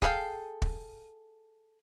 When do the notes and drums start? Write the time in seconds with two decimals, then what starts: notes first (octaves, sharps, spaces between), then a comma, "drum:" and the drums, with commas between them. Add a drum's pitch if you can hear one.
0.02 G#4 A4 B4 F5 G5, drum: kick
0.62 drum: kick